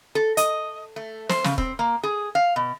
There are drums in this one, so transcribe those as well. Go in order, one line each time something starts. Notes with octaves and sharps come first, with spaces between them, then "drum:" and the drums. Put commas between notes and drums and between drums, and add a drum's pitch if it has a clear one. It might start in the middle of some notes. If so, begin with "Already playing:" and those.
A4
D#5, drum: hi-hat
A3
C5, drum: snare
C#3, drum: snare
C4, drum: kick
A#3
G#4
F5
B2